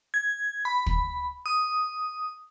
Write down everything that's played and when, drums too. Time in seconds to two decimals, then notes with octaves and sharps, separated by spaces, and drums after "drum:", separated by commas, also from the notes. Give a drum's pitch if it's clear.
0.14 G#6
0.65 B5
0.86 drum: kick
1.46 D#6